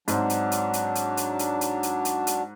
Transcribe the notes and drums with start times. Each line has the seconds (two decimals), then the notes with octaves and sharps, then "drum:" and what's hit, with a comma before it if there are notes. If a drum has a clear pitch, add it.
0.08 G#2 F#3 C4 D4, drum: hi-hat
0.30 drum: hi-hat
0.52 drum: hi-hat
0.73 drum: hi-hat
0.95 drum: hi-hat
1.17 drum: hi-hat
1.39 drum: hi-hat
1.61 drum: hi-hat
1.83 drum: hi-hat
2.05 drum: hi-hat
2.27 drum: hi-hat